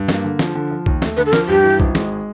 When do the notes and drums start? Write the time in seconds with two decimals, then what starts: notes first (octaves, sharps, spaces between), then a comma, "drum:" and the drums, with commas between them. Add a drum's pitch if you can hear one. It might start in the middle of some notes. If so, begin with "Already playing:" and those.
Already playing: G2
0.08 A#3, drum: snare
0.24 D3
0.39 F3, drum: snare
0.55 D3
0.70 F3
0.86 D#2, drum: kick B1
1.02 A3, drum: snare
1.17 D3 B4
1.26 A4
1.33 F3 A#4, drum: snare
1.48 G2 G4
1.64 E3
1.80 G#1, drum: kick B1
1.95 G#3, drum: snare